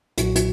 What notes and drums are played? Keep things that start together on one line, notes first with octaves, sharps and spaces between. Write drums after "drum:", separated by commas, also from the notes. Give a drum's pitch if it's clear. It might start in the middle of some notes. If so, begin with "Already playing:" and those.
B1 A#2 F#3 F#4, drum: hi-hat
drum: hi-hat